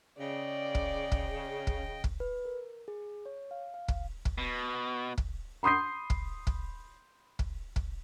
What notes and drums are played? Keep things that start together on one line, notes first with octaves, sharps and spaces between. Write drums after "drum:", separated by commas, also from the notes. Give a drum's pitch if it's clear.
C#3 D5 D#5 G5
drum: kick
drum: kick
drum: kick
drum: kick
B4
A#4
G#4
C#5
F5
F5
drum: kick
drum: kick
B2
drum: kick
B5 C6 D#6 G6 C7
drum: kick
drum: kick
drum: kick
drum: kick